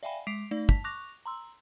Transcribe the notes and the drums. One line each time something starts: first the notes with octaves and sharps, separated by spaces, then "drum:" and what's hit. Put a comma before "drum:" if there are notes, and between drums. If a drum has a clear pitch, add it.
D5 E5 F5 G5 G#5 B5
G#3 D6 B6 C7 D7 F7
A3 D#4 D5
A5 B6, drum: kick
C#6 D6 F#6 A#6 F7
A#5 C6 E6